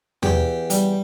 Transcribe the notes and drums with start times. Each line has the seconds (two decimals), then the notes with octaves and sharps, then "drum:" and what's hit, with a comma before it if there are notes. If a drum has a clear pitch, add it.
0.23 E2 G4, drum: tom E2
0.70 G3, drum: hi-hat